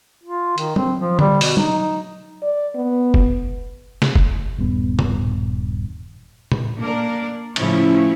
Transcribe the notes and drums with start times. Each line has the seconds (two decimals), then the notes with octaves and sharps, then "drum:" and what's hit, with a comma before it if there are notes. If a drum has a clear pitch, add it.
0.23 F4
0.58 D#3, drum: hi-hat
0.76 C4, drum: tom F#3
0.99 F3
1.19 G3, drum: tom D3
1.41 B2, drum: open hi-hat
1.57 D#4, drum: tom F#3
2.43 D5
2.75 B3
3.14 drum: kick F1
4.02 drum: snare
4.15 drum: kick F1
4.58 D#1 G2 B3
4.99 drum: tom A#2
6.52 drum: tom A#2
6.77 A#3 D4 A#4
7.56 A2 C#3 F3 C#4 E4 C#5, drum: cymbal